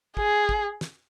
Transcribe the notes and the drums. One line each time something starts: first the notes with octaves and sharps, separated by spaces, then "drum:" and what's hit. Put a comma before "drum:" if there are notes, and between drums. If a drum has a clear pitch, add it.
G#4, drum: kick
drum: kick
drum: snare